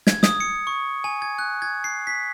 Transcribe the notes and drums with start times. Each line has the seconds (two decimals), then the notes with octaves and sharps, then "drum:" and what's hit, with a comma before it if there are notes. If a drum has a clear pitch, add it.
0.07 G#6, drum: snare
0.23 D#6, drum: snare
0.40 C#7
0.67 C#6
1.04 G#5
1.22 G#6
1.39 F#6
1.62 G#6
1.84 C7
2.07 B6